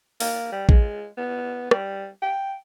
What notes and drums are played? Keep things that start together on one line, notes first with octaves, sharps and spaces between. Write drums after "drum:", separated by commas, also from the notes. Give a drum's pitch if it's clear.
A#3, drum: open hi-hat
G3
G#3, drum: kick
B3
G3, drum: rim click
G5